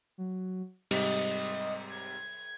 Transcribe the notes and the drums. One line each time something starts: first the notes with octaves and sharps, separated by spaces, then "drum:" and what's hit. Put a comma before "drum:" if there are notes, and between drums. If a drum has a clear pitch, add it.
F#3
G#2 C3 G3 D#5, drum: cymbal
G#6